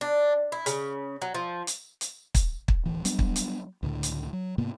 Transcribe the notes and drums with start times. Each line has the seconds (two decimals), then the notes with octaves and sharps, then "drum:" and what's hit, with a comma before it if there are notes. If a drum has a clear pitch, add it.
0.01 D4
0.52 E4
0.66 C#3, drum: hi-hat
1.22 F#3
1.34 F3
1.67 drum: hi-hat
2.01 drum: hi-hat
2.35 drum: kick, hi-hat
2.68 drum: kick
2.86 D1 E3
3.05 F#3 G3 B3 D4, drum: hi-hat
3.19 drum: kick
3.36 drum: hi-hat
3.83 C#2 A2 D3
4.03 drum: hi-hat
4.33 F#3
4.58 G#2 C3 A#3 B3